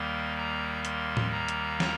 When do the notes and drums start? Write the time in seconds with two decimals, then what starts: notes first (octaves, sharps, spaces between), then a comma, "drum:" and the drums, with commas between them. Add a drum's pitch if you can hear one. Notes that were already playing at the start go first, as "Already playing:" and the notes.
Already playing: D#2 D#3 G3 A#3 C6
0.38 A#5
0.85 C6, drum: hi-hat
1.17 drum: tom A2
1.33 A#5
1.48 drum: hi-hat
1.80 drum: snare